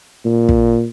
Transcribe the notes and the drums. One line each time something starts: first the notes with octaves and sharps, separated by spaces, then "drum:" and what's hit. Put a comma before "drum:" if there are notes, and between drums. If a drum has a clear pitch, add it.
A#2
drum: kick